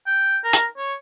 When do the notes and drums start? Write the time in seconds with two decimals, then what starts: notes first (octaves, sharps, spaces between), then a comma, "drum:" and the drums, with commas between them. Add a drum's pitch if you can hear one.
0.06 G5
0.44 A#4
0.53 drum: hi-hat
0.77 C#5